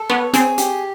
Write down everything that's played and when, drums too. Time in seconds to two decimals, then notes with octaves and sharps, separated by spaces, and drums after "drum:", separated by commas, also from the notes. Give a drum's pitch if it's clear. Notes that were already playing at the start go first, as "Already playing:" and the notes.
Already playing: A4
0.10 B3 C#5
0.34 C4 G#4, drum: hi-hat
0.58 G4, drum: hi-hat